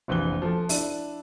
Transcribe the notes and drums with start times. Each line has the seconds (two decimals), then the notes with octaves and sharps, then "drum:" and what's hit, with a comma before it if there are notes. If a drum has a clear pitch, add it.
0.08 F1 A#1 E3 F#6 G7
0.42 F3 A4
0.69 D4 E4, drum: open hi-hat